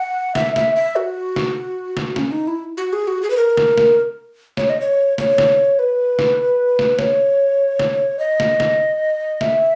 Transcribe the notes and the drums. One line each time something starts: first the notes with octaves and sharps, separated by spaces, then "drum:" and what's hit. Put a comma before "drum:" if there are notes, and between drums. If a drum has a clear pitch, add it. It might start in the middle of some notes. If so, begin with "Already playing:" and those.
Already playing: F#5
E5, drum: snare
E5, drum: snare
E5
F#4
drum: snare
drum: snare
C#4, drum: snare
D#4
E4
F#4
G#4
F#4
G#4
B4
A#4
drum: snare
drum: snare
C#5, drum: snare
D#5
C#5
C#5, drum: snare
drum: snare
B4
drum: snare
drum: snare
C#5, drum: snare
drum: snare
D#5
drum: snare
drum: snare
E5, drum: snare